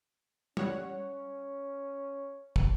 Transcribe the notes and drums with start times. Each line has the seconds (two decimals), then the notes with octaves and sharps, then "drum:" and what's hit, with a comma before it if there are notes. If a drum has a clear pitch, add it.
0.57 G3 C#4 C#5 F#5, drum: tom
2.56 drum: kick